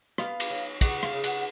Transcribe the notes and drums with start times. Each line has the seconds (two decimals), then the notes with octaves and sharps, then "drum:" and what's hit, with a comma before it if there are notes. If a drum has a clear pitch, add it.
0.18 B3 F5, drum: rim click
0.40 drum: cymbal
0.50 F#3
0.81 C#3 F#5, drum: kick, cymbal
1.03 F5, drum: rim click
1.13 C#3
1.24 F#5, drum: cymbal